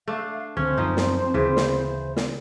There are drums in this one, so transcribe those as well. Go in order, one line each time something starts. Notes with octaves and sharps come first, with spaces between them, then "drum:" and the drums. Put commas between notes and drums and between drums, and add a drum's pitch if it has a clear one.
A3 D4 F5
C#2 D3 C4 C#4 C5
F#2 F3 D#4
drum: snare
D2 C#3 E3
drum: snare
drum: snare